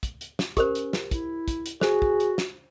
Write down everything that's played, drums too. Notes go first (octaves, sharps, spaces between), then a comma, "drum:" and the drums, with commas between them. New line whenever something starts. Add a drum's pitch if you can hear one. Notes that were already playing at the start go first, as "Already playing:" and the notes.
drum: kick, hi-hat
drum: hi-hat
drum: snare
C#4 G4 A#4 C5, drum: kick, hi-hat
drum: hi-hat
drum: snare
E4, drum: kick, hi-hat
drum: kick, hi-hat
drum: hi-hat
F#4 G#4 C5, drum: snare
drum: kick
drum: hi-hat
drum: snare